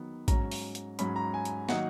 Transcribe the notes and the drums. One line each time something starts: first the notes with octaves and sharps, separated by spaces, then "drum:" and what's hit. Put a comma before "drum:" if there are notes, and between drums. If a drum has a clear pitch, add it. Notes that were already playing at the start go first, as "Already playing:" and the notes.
Already playing: D#3 F#3 B3
G#2 F#3 C#4 A#5, drum: kick A1, hi-hat
drum: open hi-hat
drum: hi-hat
G#2 F#3 C#4 B5, drum: hi-hat
A#5
G#5
drum: hi-hat
D#3 F#3 A#3 D#4 F#5, drum: snare